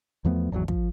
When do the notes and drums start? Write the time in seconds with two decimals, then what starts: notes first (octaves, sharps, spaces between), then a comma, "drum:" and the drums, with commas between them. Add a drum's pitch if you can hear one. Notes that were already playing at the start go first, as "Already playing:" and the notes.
0.25 E2 F3 A3 B3
0.52 G#1 E2 C#3 F#3
0.68 F3, drum: kick